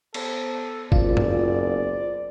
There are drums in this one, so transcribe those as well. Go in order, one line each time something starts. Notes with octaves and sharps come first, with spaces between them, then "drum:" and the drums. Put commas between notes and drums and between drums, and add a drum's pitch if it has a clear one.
B3 A4 C5, drum: cymbal
F#1 F4 D5, drum: kick
drum: tom